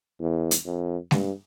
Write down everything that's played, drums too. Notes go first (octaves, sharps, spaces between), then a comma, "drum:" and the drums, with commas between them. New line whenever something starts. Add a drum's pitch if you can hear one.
E2
drum: hi-hat
F2
G2, drum: snare G#3